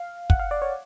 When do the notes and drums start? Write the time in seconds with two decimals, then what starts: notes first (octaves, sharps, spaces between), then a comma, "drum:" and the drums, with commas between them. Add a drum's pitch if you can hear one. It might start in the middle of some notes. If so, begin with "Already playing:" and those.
Already playing: F5
0.30 F#5, drum: kick
0.39 F5
0.51 D5
0.62 C#5